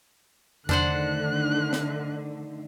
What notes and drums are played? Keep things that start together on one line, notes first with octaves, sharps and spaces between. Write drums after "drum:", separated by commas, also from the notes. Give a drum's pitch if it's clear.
D3 D#3 A3 D4 C5 F#5 F#6, drum: tom E2
drum: snare